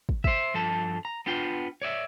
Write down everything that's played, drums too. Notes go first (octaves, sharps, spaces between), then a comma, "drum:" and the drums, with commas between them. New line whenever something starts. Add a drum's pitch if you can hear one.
drum: kick
C5 E5, drum: kick
G2 F3 A4 A5
A#5
B3 D4 F4 G5
C#5 D5 E5